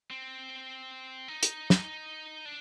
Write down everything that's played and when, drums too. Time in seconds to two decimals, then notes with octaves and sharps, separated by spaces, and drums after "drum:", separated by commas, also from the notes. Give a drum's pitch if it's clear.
0.11 C4
1.28 D#4
1.43 drum: hi-hat
1.70 drum: snare
2.45 D4